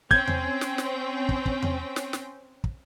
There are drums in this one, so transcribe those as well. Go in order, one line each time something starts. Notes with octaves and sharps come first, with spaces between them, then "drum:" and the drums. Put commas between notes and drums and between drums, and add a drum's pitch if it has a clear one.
C4 C#4 G5 G6 G#6, drum: kick
drum: tom E2
drum: snare
drum: snare
drum: kick
drum: kick
drum: tom E2
drum: snare
drum: snare
drum: kick